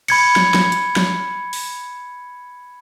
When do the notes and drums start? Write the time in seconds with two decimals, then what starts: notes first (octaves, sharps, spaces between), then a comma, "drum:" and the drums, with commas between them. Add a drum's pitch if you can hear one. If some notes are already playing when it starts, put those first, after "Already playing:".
0.08 B5 G#6 C#7, drum: cymbal
0.36 drum: snare
0.54 drum: snare
0.72 drum: hi-hat
0.96 drum: snare
1.53 drum: open hi-hat